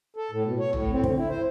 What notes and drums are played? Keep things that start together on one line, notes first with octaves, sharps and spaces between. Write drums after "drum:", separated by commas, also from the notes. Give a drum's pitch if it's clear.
A4
A2
B2
C#5
A2, drum: tom A1
C4
D3, drum: kick
E4
C5